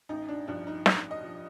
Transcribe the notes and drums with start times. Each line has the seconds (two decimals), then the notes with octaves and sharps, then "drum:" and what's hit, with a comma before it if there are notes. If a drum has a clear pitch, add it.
0.09 A1 D#4
0.29 D4
0.48 G2 F3 D4
0.67 D#4
0.86 A1, drum: snare
1.11 D#5
1.24 F3